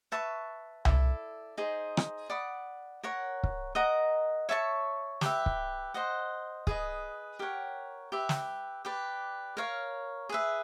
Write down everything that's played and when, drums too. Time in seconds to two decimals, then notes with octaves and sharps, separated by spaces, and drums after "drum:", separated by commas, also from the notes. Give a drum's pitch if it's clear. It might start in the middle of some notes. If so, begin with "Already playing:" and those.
0.12 B4 E5 A5 C#6
0.85 E4 A4 D5, drum: tom C2
1.58 D#4 G#4 C5
1.97 drum: rim click
2.30 D5 F#5 B5 D#6
3.03 A#4 C#5 F#5
3.43 drum: kick
3.75 A#4 D#5 F#5 A#5
4.49 C#5 E5 A5 C#6
5.21 G4 B4 E5, drum: snare
5.46 drum: kick
5.94 C5 D#5 F#5
6.67 G#4 B4 D#5, drum: kick
7.39 G4 A#4 C#5 F#5
8.12 G4 B4 E5
8.29 drum: snare
8.85 G4 B4 D5
9.57 A#4 C#5 F5
10.29 G#4 B4 E5